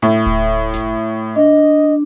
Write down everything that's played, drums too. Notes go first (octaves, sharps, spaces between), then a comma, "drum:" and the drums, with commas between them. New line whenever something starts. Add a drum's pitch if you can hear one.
A2
drum: kick D1
drum: snare F#1
D4 D#5